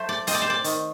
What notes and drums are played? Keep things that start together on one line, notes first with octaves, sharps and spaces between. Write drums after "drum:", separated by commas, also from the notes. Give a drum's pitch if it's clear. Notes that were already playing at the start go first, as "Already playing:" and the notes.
Already playing: F#3 A3 C5
D5
C4 D#5, drum: hi-hat
D5
C5
D5
D#3, drum: hi-hat